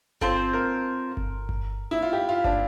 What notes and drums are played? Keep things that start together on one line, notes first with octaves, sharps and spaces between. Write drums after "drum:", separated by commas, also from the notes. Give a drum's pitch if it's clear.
C4 F4 A4 C5, drum: kick G1
A#4
drum: kick G1
drum: kick G1
E4
F4
G4
F4
D4, drum: kick G1